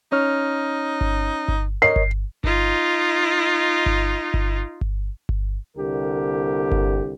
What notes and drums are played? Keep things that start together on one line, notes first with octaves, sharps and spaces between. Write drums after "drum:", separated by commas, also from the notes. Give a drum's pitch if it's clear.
C#4 D#4 C#5 F6
drum: kick G1
drum: kick G1
A#4 C#5 D#5 C7
drum: kick G1
D#4 F4, drum: kick G1
drum: kick G1
drum: kick G1
drum: kick G1
drum: kick G1
C2 D3 G4 A#4
drum: kick G1